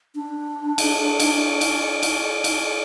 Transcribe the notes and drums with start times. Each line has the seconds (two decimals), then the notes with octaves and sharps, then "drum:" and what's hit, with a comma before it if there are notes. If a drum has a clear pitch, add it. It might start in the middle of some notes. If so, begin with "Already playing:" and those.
0.15 D4
0.78 drum: cymbal
1.20 drum: cymbal
1.61 drum: cymbal
2.03 drum: cymbal
2.44 drum: cymbal